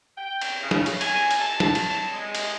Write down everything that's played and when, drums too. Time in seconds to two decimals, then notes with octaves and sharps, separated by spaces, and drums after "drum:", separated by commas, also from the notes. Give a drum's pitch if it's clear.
0.17 G5
0.41 drum: cymbal
0.62 C#3
0.71 drum: snare
0.86 drum: cymbal
1.01 G#5, drum: cymbal
1.31 drum: cymbal
1.40 A5
1.60 drum: snare
1.75 drum: cymbal
2.13 G#3
2.35 drum: cymbal